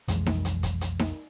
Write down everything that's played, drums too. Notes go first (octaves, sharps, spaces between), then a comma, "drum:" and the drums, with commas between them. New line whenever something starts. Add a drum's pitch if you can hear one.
B1 F2 E3 G#3, drum: hi-hat
drum: snare D#4
drum: hi-hat
drum: kick, hi-hat
drum: hi-hat
drum: snare D#4